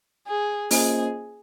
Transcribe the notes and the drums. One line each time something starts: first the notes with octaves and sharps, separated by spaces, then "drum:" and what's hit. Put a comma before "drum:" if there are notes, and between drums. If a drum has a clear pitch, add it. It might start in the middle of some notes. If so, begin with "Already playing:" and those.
G#4
A#3 C#4 F4 G#4 C5 D#5, drum: open hi-hat